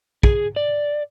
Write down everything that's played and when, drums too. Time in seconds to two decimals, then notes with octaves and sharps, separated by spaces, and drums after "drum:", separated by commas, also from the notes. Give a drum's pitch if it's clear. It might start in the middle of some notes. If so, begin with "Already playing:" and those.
0.23 G#4, drum: kick
0.56 D5